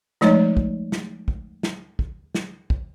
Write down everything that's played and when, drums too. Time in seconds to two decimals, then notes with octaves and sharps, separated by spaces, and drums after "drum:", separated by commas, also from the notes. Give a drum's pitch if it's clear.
0.21 F3 G#3 A3 D#4 C#5 D#5, drum: snare
0.57 drum: kick
0.92 drum: snare
1.28 drum: kick
1.63 drum: snare
1.99 drum: kick
2.35 drum: snare
2.70 drum: kick